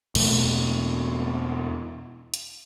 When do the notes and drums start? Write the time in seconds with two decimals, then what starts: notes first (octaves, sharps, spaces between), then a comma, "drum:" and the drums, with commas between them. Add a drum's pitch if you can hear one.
0.15 E2 B2 A3, drum: cymbal
2.34 drum: hi-hat